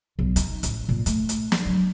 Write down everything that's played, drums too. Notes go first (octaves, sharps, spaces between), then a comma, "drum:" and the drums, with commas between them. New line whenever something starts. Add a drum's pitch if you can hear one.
B1
D#4, drum: hi-hat
A1, drum: hi-hat
A#2
A3, drum: hi-hat
drum: hi-hat
drum: snare
F#3